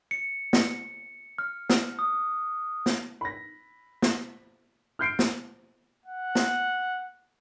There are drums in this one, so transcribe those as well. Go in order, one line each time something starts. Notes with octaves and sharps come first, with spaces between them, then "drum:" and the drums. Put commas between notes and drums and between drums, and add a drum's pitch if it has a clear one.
C#7
drum: snare
F6
drum: snare
D#6
drum: snare
B5 A#6
drum: snare
F6 G6 C7 D7
drum: snare
F#5
drum: snare